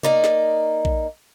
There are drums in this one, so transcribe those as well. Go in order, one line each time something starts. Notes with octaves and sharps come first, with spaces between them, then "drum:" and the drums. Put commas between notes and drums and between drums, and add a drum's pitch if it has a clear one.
A#3 D#4 D5, drum: tom C3
drum: snare
drum: kick A#1